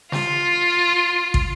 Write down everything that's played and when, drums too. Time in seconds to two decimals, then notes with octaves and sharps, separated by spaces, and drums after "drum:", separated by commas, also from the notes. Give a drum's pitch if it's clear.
0.12 F4, drum: snare
1.34 drum: kick